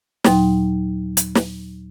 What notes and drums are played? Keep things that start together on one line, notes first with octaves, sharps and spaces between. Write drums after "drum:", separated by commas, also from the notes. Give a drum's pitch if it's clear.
D#2 A#2 F#3 D#4 G5 C6, drum: snare
drum: hi-hat
drum: snare